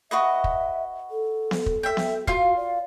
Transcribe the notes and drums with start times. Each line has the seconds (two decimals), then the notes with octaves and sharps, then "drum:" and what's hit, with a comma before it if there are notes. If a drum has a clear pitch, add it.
0.11 F#4 B4 D#5 E5
0.44 drum: kick
1.11 A4
1.51 drum: snare B3
1.66 drum: kick
1.83 E5 G5
1.97 drum: snare B3
2.27 F4 F#4 F5, drum: kick
2.57 D5